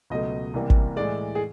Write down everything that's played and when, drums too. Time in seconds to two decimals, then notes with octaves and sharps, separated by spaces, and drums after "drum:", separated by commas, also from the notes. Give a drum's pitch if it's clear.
0.10 C#2 B2 F#3 A3 D#5
0.54 C2 C3 E3 G3 A#3
0.70 drum: kick
0.96 A2 E3 G#3 D5
1.35 G#4